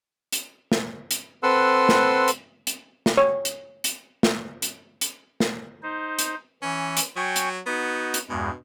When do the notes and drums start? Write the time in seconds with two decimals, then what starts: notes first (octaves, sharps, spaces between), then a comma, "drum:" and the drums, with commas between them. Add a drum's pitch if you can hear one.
0.32 drum: hi-hat
0.72 drum: snare
1.11 drum: hi-hat
1.43 C4 A4 B4 F#5 C6 E6
1.89 drum: snare
2.28 drum: hi-hat
2.67 drum: hi-hat
3.06 drum: snare
3.17 C#5
3.45 drum: hi-hat
3.84 drum: hi-hat
4.23 drum: snare
4.62 drum: hi-hat
5.01 drum: hi-hat
5.40 drum: snare
5.83 D#4 C5
6.19 drum: hi-hat
6.62 E3 C#4
6.97 drum: hi-hat
7.16 F#3 G5 G#5 C#6
7.36 drum: hi-hat
7.66 B3 D#4 F#4
8.14 drum: hi-hat
8.29 E2 G2 B2 G#3